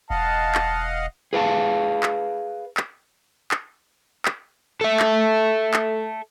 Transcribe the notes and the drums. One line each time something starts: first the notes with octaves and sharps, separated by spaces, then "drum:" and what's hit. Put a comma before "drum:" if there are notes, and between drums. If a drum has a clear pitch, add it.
E1 D#5 F5 F#5 A5
drum: clap
G#4 B4 F5 A5
drum: clap
drum: clap
drum: clap
drum: clap
A4 E5
drum: clap
drum: clap